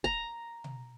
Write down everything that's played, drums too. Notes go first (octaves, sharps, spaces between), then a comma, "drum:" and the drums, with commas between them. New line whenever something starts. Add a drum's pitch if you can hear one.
A#5, drum: kick
drum: tom B2